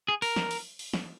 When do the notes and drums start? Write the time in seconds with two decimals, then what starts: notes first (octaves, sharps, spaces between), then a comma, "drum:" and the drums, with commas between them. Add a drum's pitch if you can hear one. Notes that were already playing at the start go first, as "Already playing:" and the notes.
0.08 G#4
0.22 A#4, drum: open hi-hat
0.36 drum: snare
0.51 drum: open hi-hat
0.79 drum: open hi-hat
0.94 drum: snare